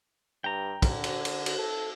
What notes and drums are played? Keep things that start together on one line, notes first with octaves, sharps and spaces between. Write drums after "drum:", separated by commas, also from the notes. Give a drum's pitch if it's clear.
G2 G5 A#5
D3, drum: kick, cymbal
drum: cymbal
drum: cymbal
drum: cymbal
A4